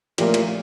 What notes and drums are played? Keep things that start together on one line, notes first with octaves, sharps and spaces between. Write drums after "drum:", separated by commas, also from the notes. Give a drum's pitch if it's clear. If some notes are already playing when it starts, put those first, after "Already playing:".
A#2 F3 A3 C#4 E4 G4, drum: cymbal
drum: cymbal